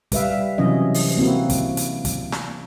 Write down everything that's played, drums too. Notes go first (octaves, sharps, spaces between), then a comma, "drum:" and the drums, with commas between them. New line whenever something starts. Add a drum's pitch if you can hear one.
G3 B4 E5 F5, drum: kick, hi-hat
C3 E3 F#3 C#4 D#5
drum: open hi-hat
A#3 C4 E4 F#4
drum: kick, hi-hat
drum: hi-hat
drum: kick, hi-hat
drum: snare